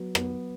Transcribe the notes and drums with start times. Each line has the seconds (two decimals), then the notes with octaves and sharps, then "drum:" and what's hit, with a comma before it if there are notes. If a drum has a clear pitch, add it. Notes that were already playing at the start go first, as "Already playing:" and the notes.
Already playing: F#3 B3
0.15 B3, drum: rim click